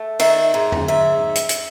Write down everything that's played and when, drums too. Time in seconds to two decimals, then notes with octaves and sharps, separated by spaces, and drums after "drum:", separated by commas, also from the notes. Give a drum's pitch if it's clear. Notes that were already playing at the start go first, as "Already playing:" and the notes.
Already playing: A3
0.19 D#3 E5, drum: cymbal
0.54 G#2
0.72 drum: tom E2
0.88 G#2 E5
1.35 drum: hi-hat
1.49 drum: hi-hat